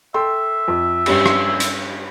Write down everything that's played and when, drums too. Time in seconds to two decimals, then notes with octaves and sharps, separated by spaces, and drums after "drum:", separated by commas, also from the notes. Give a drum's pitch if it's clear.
0.14 A4 E5 G5 C6
0.68 F2
1.06 G2 C#4 G4, drum: cymbal
1.26 drum: rim click
1.60 drum: hi-hat